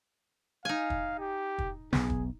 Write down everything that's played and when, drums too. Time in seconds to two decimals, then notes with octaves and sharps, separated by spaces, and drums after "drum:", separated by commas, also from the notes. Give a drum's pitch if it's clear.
0.65 D#4 F5 G#5
0.90 drum: kick
1.19 G4
1.58 drum: kick
1.93 B1 B3 G#4, drum: snare
2.10 drum: kick